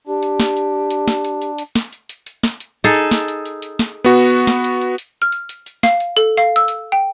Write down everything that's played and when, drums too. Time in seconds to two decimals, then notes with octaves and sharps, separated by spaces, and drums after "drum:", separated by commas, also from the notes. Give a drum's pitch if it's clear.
0.07 D4 G4
0.23 drum: hi-hat
0.40 drum: snare
0.57 drum: hi-hat
0.91 drum: hi-hat
1.08 drum: snare
1.25 drum: hi-hat
1.42 drum: hi-hat
1.59 drum: hi-hat
1.75 drum: snare
1.92 drum: hi-hat
2.09 drum: hi-hat
2.26 drum: hi-hat
2.43 drum: snare
2.60 drum: hi-hat
2.84 D#4 G#4 A4
2.94 drum: hi-hat
3.11 drum: snare
3.28 drum: hi-hat
3.45 drum: hi-hat
3.62 drum: hi-hat
3.79 drum: snare
4.04 B3 F#4
4.30 drum: hi-hat
4.47 drum: snare
4.64 drum: hi-hat
4.81 drum: hi-hat
4.98 drum: hi-hat
5.22 F6
5.32 drum: hi-hat
5.49 drum: hi-hat
5.66 drum: hi-hat
5.83 F5, drum: snare
6.00 drum: hi-hat
6.17 A4, drum: hi-hat
6.37 F5
6.56 E6
6.68 drum: hi-hat
6.92 G5